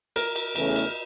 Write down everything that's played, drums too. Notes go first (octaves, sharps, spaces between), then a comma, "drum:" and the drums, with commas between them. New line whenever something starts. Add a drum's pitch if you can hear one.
A#4, drum: cymbal
drum: cymbal
E2 C#3 E3 A3 C#4, drum: cymbal
drum: cymbal